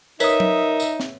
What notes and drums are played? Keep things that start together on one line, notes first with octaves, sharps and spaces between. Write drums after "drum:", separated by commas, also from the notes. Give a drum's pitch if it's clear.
D#4 A#4 B4 C#5 E5 D#6 B6, drum: tambourine
drum: tom F#3
drum: tambourine
drum: snare